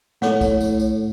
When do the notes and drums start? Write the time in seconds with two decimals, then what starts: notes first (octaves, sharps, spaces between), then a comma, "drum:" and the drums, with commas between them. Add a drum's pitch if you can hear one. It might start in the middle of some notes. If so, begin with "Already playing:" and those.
0.22 A2 A4 C#5 F#5, drum: snare
0.41 drum: kick B1, tambourine
0.60 drum: tambourine
0.80 drum: tambourine